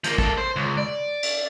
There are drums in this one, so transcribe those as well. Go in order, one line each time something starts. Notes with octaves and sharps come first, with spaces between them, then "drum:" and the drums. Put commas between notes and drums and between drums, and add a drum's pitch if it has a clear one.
F3 A#3, drum: hi-hat
A#3 A4, drum: kick
C5
C#2
D5
drum: cymbal